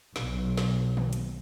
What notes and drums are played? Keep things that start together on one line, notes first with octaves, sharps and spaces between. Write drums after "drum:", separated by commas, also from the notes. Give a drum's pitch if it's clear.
B1, drum: snare
drum: snare
drum: tom D3
drum: hi-hat